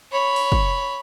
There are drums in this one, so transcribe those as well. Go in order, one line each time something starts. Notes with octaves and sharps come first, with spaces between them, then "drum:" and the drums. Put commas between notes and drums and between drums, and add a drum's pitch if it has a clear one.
C#5 B5
drum: open hi-hat
drum: kick